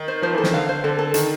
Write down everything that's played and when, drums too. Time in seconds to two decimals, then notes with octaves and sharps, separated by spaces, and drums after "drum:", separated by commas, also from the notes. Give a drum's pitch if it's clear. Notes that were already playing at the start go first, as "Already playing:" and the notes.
Already playing: D#3
0.08 C5
0.22 F3 C5
0.33 E3 A4
0.44 D#3, drum: snare
0.53 D3 F5
0.69 C5
0.84 D3 A4
0.99 A4
1.14 D#3 A4, drum: hi-hat